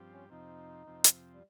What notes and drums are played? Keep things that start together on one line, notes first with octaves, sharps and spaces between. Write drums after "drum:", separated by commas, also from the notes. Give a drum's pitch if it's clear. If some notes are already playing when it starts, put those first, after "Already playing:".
Already playing: G2 F3 C4 G4
C#4
F2 C3 F3 C4 D#4
F2 C3 F3 C4
drum: hi-hat
G3